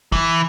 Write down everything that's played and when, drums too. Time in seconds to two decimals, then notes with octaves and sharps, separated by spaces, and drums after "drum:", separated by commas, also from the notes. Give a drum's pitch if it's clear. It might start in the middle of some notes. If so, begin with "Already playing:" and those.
0.12 E3, drum: kick